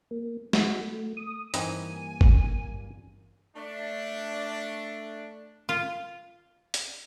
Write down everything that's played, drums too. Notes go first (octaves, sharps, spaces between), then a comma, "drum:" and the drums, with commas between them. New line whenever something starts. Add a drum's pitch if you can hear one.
A#3
F#4, drum: snare G#3
A3
D#6
G2 E3 A#3 C4 D#4 D#5 G#5, drum: hi-hat
drum: kick
A3 D4
F4
drum: hi-hat